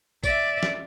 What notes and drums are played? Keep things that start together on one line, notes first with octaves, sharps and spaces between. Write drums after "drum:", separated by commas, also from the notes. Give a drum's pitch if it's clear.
D5 E5, drum: kick A1, tambourine
drum: snare